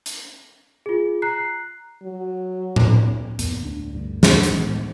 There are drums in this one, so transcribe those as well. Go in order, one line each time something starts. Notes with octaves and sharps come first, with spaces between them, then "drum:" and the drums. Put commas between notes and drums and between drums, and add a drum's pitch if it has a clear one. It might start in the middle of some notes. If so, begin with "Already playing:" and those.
drum: hi-hat
F4 G#4
A#5 F#6 C7
F#3
drum: tom A2
D1 F2 A#3 B3, drum: hi-hat
D2 A3 D4
D2 G2
drum: snare
drum: hi-hat
A2 E3 G#3 B3